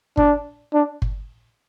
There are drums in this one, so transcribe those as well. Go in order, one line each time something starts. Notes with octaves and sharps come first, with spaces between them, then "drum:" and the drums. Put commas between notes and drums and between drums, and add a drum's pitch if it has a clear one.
D4, drum: kick G1
D4
drum: kick G1